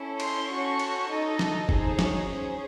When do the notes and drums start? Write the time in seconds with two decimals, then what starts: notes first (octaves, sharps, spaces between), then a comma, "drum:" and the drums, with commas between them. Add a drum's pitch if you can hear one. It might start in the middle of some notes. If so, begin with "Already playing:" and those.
Already playing: C#4 E4 A4
0.20 C6, drum: cymbal
0.49 C#4 F#4 A4 C#6
0.79 drum: cymbal
1.09 D#4 A4 D#5
1.39 drum: snare
1.69 D#4 G#4 C5, drum: kick
1.99 C#5, drum: snare
2.29 C#4 G#4 C5